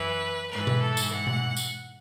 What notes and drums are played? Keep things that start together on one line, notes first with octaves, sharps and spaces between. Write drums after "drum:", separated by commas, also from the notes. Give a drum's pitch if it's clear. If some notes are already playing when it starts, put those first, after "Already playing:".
Already playing: F#2 E3 B4
G#2 E3 B4
drum: tom B2
A4
drum: tambourine
F#5
drum: tom B2
drum: tambourine